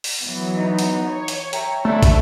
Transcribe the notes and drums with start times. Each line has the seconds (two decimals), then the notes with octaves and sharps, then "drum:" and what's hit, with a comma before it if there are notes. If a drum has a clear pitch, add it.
0.04 drum: open hi-hat
0.22 E3 F#3 B3
0.58 D#4
0.79 drum: hi-hat
1.08 C#5
1.28 drum: hi-hat
1.53 E5 G5 A#5, drum: hi-hat
1.85 D2 A3 D4 E4
2.03 drum: kick, hi-hat